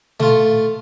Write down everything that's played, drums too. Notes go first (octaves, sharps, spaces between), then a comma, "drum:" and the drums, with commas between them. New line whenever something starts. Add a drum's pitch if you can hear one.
A3 F4, drum: tom A#2